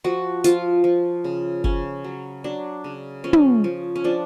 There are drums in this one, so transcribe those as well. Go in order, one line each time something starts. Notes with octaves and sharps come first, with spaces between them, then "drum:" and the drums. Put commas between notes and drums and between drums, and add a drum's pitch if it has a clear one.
F3 F#4
F3 F4, drum: hi-hat
F3
C#3
C#3 C#4, drum: kick F#1
F#3
F#3 D4
C#3
F3 C#4
drum: tom
F3
C#4
F3 D4